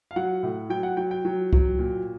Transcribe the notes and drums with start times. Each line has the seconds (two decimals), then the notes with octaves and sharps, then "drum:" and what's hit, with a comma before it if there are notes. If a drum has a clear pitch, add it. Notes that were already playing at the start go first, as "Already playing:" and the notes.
0.11 F5
0.16 F#3 F#5
0.43 A2
0.70 F#3 G5
0.83 F#5
0.97 F#3 G5
1.11 G5
1.25 F#3
1.53 F#3, drum: kick C2
1.79 A#2